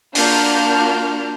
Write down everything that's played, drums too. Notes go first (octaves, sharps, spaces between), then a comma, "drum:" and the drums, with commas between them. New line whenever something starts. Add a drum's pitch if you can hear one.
A#3 D4 F4 F#4 F6 G6, drum: open hi-hat